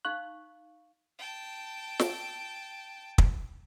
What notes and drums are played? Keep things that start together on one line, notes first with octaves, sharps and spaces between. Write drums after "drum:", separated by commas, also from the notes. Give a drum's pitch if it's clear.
D#4 F5 C#6 F#6
G5 A5
drum: snare
drum: kick